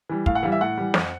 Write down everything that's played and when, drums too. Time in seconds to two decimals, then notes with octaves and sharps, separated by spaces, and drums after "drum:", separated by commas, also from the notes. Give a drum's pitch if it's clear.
0.09 E3 G3
0.26 A2 F5, drum: kick
0.35 F#5
0.43 E3 G3 F5
0.52 E5
0.61 A2 F#5
0.77 E3 G3
0.94 F2, drum: snare